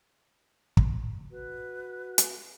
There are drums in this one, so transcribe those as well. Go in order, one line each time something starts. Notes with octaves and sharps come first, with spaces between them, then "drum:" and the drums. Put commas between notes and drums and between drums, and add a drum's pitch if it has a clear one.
drum: kick
F#4 B4
drum: hi-hat